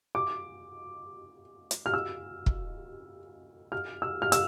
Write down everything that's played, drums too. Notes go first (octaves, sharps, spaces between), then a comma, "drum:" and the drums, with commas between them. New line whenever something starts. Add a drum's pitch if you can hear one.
D6
drum: hi-hat
F6
E6
drum: kick
F6
E6
F6
E6, drum: hi-hat